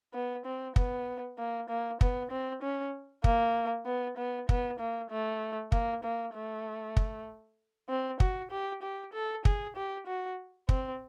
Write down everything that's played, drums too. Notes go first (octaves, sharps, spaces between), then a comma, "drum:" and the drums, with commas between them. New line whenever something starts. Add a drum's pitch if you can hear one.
B3
C4
B3, drum: kick
A#3
A#3
B3, drum: kick
C4
C#4
A#3, drum: kick
B3
B3
B3, drum: kick
A#3
A3
A#3, drum: kick
A#3
A3
drum: kick
C4
F#4, drum: kick
G4
G4
A4
G#4, drum: kick
G4
F#4
C4, drum: kick